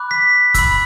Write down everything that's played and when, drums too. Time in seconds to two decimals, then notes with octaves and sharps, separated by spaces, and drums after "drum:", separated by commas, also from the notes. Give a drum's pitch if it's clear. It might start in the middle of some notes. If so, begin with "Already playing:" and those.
Already playing: B5 D6 F#6
0.11 B6
0.54 B5 E6, drum: kick, hi-hat